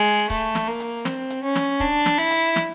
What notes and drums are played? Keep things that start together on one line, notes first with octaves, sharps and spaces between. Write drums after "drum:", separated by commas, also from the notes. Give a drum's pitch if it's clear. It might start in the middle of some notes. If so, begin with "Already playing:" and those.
Already playing: G#3
A3, drum: kick, hi-hat
drum: snare
A#3
drum: hi-hat
C4, drum: snare
drum: hi-hat
C#4
drum: snare
D4, drum: kick, hi-hat
drum: snare
E4
drum: hi-hat
drum: snare